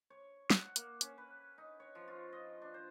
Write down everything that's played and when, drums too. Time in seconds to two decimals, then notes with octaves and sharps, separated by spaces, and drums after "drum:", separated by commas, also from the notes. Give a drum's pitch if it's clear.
0.10 C#5
0.50 F#5, drum: snare
0.76 A#3, drum: hi-hat
1.01 C#4, drum: hi-hat
1.18 B4
1.58 D#4
1.80 C#5
1.95 F3
2.08 F4
2.32 D#5
2.62 D4
2.74 C5